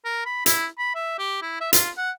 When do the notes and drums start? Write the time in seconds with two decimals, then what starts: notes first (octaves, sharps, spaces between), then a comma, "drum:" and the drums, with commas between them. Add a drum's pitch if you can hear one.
0.05 A#4
0.26 B5
0.46 E4, drum: hi-hat
0.79 B5
0.95 E5
1.19 G4
1.42 E4
1.61 E5
1.73 F4, drum: hi-hat
1.98 F#5